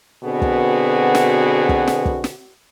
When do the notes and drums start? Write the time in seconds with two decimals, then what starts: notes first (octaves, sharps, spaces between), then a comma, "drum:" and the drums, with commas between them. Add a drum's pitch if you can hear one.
0.24 B2 D3 B3 C4 F#4 G#4
0.42 drum: kick
1.15 drum: snare
1.69 drum: kick
1.87 drum: snare
2.06 drum: kick
2.24 drum: snare